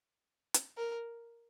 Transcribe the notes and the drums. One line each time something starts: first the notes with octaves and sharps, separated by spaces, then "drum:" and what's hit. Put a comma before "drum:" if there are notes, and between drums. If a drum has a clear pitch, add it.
drum: hi-hat
A#4